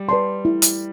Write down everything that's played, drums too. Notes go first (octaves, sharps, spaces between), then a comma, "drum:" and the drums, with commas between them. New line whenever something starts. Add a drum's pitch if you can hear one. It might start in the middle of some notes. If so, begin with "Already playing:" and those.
Already playing: G3
B4 D5 A5 C6
E4
drum: hi-hat